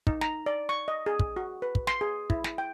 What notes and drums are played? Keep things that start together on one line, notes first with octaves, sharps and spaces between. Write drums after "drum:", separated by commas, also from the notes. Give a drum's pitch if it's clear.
D#4, drum: kick
A#5, drum: snare
D5
C#6
D#5
G#4
drum: kick
F#4
B4
drum: kick
C6, drum: snare
G#4
E4, drum: kick
drum: snare
G5